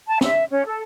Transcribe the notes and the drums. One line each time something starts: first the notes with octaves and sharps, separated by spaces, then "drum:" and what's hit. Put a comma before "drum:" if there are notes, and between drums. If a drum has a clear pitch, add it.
A5
E5, drum: snare
C#4
A4